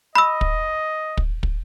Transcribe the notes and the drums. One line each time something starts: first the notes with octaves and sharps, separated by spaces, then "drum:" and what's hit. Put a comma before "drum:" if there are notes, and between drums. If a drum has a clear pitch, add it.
D#5 B5 E6
drum: kick
drum: kick
drum: kick